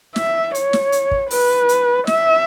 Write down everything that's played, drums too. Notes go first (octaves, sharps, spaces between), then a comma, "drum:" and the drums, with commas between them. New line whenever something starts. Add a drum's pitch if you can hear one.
E5, drum: snare
C#5, drum: hi-hat
drum: snare
drum: hi-hat
drum: kick
B4, drum: open hi-hat
drum: hi-hat
E5, drum: snare